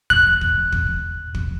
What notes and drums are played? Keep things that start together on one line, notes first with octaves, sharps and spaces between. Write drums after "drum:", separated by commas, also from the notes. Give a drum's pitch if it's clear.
F#6, drum: kick
drum: kick
drum: kick
drum: kick